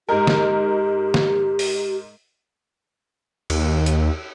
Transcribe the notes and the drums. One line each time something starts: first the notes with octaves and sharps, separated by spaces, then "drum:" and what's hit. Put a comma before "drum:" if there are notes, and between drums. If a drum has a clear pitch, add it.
G#2 D#4 G4 A#4
drum: snare
drum: snare
drum: open hi-hat
D#2, drum: cymbal
drum: hi-hat